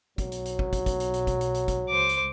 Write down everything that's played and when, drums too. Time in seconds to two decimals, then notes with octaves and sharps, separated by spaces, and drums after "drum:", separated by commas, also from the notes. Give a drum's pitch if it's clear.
0.18 B1 F#3, drum: kick, hi-hat
0.32 drum: hi-hat
0.45 drum: hi-hat
0.59 drum: kick
0.73 drum: kick, hi-hat
0.86 drum: kick, hi-hat
1.00 drum: hi-hat
1.14 drum: hi-hat
1.27 drum: kick, hi-hat
1.41 drum: hi-hat
1.54 drum: hi-hat
1.68 drum: kick, hi-hat
1.89 C#2 C5 D6
2.09 drum: hi-hat